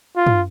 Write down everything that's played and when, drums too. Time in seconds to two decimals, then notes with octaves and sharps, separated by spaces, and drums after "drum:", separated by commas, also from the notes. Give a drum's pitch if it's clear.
0.16 F4
0.27 drum: tom